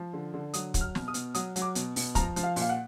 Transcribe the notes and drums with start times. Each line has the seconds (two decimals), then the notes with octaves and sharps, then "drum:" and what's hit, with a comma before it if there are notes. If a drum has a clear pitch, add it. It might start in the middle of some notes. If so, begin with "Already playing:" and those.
Already playing: F3
0.13 D3
0.34 D3
0.54 F#3 D#6, drum: hi-hat
0.74 F#3, drum: kick, hi-hat
0.81 F6
0.95 B2, drum: snare
1.08 D#6
1.14 B2, drum: hi-hat
1.35 F#3 D#6, drum: hi-hat
1.56 F#3, drum: hi-hat
1.62 D6
1.75 B2, drum: hi-hat
1.96 B2, drum: open hi-hat
2.15 F3 A#5, drum: kick, hi-hat
2.36 F3, drum: hi-hat
2.43 F5
2.56 A#2, drum: open hi-hat
2.62 F5
2.69 F#5